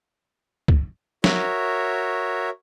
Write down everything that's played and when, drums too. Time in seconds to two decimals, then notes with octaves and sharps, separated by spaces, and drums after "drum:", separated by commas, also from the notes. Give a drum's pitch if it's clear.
0.68 drum: kick
1.24 F#4 A#4 C#5 E5, drum: snare